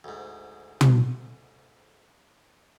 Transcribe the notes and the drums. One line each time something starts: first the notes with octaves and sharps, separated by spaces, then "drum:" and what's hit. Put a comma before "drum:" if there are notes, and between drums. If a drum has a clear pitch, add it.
D2 G#2
drum: tom